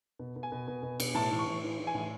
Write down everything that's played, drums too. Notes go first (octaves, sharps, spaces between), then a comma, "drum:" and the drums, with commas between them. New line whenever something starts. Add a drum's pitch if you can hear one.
B2
B2
G#5
B2
B2
B2
B2, drum: cymbal
A2 A5
E3
C#6
A2
E3
E3
G#5
A2